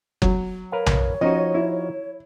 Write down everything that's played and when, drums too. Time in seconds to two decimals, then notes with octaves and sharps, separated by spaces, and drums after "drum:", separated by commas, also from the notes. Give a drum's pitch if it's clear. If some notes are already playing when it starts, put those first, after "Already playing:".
0.22 F#3, drum: kick F#1
0.72 A#4 B4 C#5 F5
0.86 drum: tom B1
1.21 F3 C#4 D#4 F#4 D#5
1.54 E4